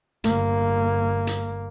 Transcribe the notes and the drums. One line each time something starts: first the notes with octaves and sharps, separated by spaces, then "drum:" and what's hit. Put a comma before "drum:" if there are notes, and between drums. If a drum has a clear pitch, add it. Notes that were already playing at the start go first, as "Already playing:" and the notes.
G1 A#3, drum: hi-hat
drum: hi-hat